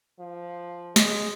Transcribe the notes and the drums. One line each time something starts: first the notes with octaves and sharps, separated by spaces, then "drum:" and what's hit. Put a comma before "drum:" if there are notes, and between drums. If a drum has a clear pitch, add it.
F3
G#3, drum: snare